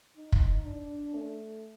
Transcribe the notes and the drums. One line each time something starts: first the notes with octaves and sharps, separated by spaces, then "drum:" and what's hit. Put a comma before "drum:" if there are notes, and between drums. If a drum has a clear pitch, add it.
D#4
drum: kick
D4
A3